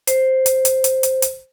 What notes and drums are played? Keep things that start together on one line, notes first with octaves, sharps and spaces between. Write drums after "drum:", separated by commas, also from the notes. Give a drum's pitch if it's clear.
C5, drum: hi-hat
drum: hi-hat
drum: hi-hat
drum: hi-hat
drum: hi-hat
drum: hi-hat